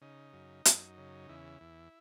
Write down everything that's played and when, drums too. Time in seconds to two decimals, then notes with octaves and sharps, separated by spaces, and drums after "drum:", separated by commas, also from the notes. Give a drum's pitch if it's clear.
0.01 C#3 D#4
0.33 F#2
0.65 F#2, drum: hi-hat
0.97 C#3
1.29 E2 E4
1.61 E2